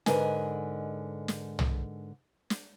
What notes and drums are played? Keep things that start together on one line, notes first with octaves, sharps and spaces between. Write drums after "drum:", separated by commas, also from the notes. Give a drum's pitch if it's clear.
G#2 D3 A#4 B4 D#5 G#5, drum: snare
drum: snare
drum: tom
drum: snare